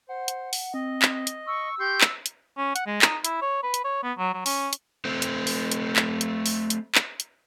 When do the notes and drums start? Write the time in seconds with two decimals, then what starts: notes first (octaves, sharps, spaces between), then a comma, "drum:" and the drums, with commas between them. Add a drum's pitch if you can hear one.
0.09 C5 F#5
0.28 drum: hi-hat
0.53 drum: open hi-hat
0.74 C4 D#5
1.02 drum: clap
1.27 drum: hi-hat
1.47 C#6 E6
1.80 G4 C6 C#6 G6
2.01 drum: clap
2.26 drum: hi-hat
2.58 C#4
2.76 F#5, drum: hi-hat
2.87 G#3
3.02 D#4, drum: clap
3.24 E4, drum: hi-hat
3.42 C#5
3.63 B4
3.74 drum: hi-hat
3.85 C#5
4.03 B3
4.18 F#3
4.34 F#3
4.46 C#4, drum: open hi-hat
4.73 drum: hi-hat
5.05 A3 C4 C5
5.22 drum: hi-hat
5.47 drum: open hi-hat
5.72 drum: hi-hat
5.96 drum: clap
6.21 drum: hi-hat
6.46 drum: open hi-hat
6.70 drum: hi-hat
6.95 drum: clap
7.20 drum: hi-hat